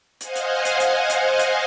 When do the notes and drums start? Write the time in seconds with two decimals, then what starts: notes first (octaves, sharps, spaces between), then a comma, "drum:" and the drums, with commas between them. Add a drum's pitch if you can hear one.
0.21 C5 D#5 F5 F#5 G#5, drum: hi-hat
0.35 drum: hi-hat
0.65 drum: hi-hat
0.80 drum: hi-hat
1.10 drum: hi-hat
1.39 drum: hi-hat